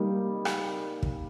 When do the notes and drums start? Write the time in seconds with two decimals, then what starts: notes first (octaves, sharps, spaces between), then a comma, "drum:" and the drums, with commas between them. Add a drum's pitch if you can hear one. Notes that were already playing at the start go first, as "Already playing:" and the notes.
Already playing: G3 A#3 D#4
0.45 drum: rim click
1.03 drum: kick